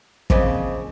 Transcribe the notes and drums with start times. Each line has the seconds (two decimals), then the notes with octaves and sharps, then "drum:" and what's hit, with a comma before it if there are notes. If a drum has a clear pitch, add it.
0.30 A#2 C#3 F3 C4 B4 C5 D#5 D6, drum: kick